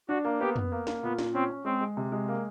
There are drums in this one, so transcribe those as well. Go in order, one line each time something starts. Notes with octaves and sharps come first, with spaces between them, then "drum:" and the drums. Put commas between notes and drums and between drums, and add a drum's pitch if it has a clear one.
D4 F#4
A#3
B3 G4
B3, drum: tom
A#3
A#3, drum: snare
A#2 B3
A#2, drum: snare
C4 C#4
C#4
G#3 C4
G#3
C3
G#3
A#3